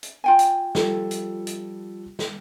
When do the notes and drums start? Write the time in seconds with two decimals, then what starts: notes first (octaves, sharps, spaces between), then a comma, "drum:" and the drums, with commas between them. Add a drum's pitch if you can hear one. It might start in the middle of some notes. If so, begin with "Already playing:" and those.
0.03 drum: hi-hat
0.24 F4 G5 G#5
0.39 drum: hi-hat
0.75 F3 G3 A4, drum: snare
1.11 drum: hi-hat
1.47 drum: hi-hat
2.19 drum: snare